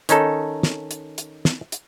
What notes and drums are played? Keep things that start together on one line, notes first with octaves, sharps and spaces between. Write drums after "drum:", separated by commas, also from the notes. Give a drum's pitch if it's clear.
D#3 C#4 D#4 A4, drum: hi-hat
drum: snare
drum: hi-hat
drum: hi-hat
drum: snare
drum: hi-hat